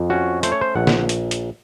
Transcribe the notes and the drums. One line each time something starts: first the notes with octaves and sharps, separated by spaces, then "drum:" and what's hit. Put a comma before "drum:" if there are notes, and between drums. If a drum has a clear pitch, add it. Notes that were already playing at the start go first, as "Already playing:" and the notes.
Already playing: F2
C#4 F#4
A3 C5, drum: hi-hat
C#5
C5
A#1 F#5
drum: snare
drum: hi-hat
drum: hi-hat